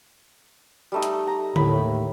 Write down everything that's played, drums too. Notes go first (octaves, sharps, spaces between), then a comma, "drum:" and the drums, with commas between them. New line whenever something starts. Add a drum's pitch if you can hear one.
G3 A3 D#4
drum: hi-hat
A#5
D#2 A2 B5, drum: tom D3